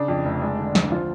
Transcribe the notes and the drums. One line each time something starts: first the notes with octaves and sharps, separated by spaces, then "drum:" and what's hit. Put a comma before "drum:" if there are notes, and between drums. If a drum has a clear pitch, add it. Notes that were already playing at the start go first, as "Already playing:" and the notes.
Already playing: C#3 D4
F2
F1
G#3
D3
D2, drum: snare
D4
F3 F4